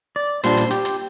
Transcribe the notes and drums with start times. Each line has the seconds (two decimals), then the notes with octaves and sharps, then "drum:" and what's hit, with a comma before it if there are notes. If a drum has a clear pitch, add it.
0.16 D5
0.44 A#2 G3 D4 C5, drum: hi-hat
0.58 drum: hi-hat
0.71 G4, drum: hi-hat
0.85 drum: hi-hat